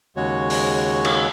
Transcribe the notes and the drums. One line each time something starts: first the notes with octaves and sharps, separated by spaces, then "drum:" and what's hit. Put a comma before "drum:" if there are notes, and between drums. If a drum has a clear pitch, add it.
D#2 C#3 G#3 F#4 C#5
drum: open hi-hat
drum: cymbal